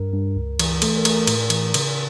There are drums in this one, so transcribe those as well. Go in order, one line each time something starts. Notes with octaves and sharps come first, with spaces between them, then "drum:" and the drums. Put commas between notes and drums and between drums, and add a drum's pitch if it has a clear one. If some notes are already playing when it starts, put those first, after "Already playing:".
Already playing: G2 A#4
G2
C#2
E3, drum: cymbal
A3 A4, drum: cymbal
A#4
A3, drum: cymbal
A#4
A2, drum: cymbal
E3, drum: cymbal
C#3, drum: cymbal